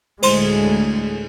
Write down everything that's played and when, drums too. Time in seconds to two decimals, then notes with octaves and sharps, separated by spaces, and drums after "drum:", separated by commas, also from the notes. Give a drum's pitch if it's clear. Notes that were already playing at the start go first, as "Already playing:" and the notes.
0.23 D2 A2 G#3 G#4 C5 C6, drum: cymbal